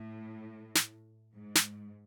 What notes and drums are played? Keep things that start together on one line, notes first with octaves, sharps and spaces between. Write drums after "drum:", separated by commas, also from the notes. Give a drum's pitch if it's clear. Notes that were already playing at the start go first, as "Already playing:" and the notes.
Already playing: A2
drum: snare
G#2
drum: snare